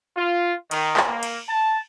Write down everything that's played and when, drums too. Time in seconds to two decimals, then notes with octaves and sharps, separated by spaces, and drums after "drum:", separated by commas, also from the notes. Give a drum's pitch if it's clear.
0.17 F4
0.71 D#3, drum: cymbal
0.97 drum: clap
1.07 A#3
1.23 drum: cymbal
1.49 A5